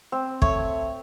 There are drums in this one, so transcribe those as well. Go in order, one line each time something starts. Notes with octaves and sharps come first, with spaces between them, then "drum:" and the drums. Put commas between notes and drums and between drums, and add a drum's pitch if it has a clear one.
C4
A3 C#5, drum: kick